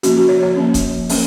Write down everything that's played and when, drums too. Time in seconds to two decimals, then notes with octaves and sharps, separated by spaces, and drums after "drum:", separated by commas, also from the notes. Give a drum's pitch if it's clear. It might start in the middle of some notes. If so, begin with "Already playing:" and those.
0.03 F3 A#3 C#4 F#4, drum: hi-hat
0.16 F#4
0.29 C#5
0.43 C#5
0.56 F3 A#3 C#4
0.74 drum: kick D#1, hi-hat
1.09 F#3 A#3 C#4, drum: open hi-hat